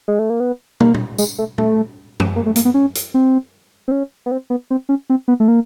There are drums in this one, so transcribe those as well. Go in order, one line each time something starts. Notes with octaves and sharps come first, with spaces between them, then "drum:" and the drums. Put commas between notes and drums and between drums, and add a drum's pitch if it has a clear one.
G#3
A3
A#3
B3
A#3, drum: tom
drum: tom A#2
G#3, drum: tambourine
A3
A3, drum: tom A#2
drum: tom F#2
A#3
A3
A#3, drum: hi-hat
B3
C#4
drum: hi-hat
C4
C4
C#4
B3
C4
B3
C4
C#4
C4
B3
A3
A#3